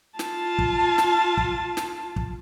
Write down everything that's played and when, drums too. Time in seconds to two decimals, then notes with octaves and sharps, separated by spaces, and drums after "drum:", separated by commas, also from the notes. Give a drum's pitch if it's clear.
0.19 F4 A5, drum: snare
0.59 drum: kick
0.98 drum: snare
1.37 drum: kick
1.77 drum: snare
2.16 drum: kick